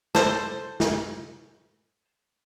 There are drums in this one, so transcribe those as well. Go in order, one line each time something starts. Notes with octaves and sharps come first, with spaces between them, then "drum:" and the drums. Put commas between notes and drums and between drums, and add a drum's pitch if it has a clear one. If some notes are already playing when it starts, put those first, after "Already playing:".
A4 C5, drum: snare
drum: snare